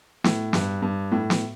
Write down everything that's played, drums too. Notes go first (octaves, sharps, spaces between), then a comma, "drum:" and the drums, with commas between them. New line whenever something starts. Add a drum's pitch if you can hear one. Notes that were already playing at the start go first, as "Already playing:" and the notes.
A2, drum: snare
G2, drum: snare
G2
A2
drum: snare